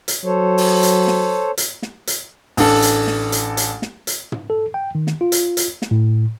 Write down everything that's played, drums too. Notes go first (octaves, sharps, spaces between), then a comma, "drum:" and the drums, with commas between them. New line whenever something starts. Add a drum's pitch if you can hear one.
drum: hi-hat
F#3 A4 C5 C#5
drum: open hi-hat
drum: hi-hat
drum: snare
drum: hi-hat
drum: snare
drum: hi-hat
A1 D4 A4, drum: open hi-hat
drum: hi-hat
drum: snare
drum: hi-hat
drum: hi-hat
drum: snare
drum: hi-hat
drum: tom
A4
G5
D#3
drum: snare
F4
drum: hi-hat
drum: hi-hat
drum: snare
A2